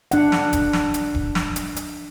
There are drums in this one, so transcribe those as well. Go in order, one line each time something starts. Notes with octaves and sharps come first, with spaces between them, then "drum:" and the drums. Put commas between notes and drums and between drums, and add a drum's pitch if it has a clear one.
D4 F#5, drum: hi-hat
drum: snare
drum: kick, hi-hat
drum: snare
drum: hi-hat
drum: kick
drum: snare
drum: hi-hat
drum: hi-hat